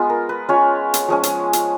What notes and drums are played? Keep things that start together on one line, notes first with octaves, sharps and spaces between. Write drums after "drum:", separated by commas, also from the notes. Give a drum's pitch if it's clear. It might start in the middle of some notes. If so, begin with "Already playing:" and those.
Already playing: G#3 B3 F4
A#4
B4
G#3 C#4 F4 C#5
drum: hi-hat
F3 G#3 C#4
drum: hi-hat
drum: hi-hat